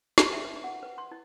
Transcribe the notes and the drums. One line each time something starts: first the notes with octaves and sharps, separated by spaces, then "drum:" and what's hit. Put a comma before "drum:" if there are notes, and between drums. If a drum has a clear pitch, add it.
C6, drum: snare
E5
B4
F#5
B4
C6
E4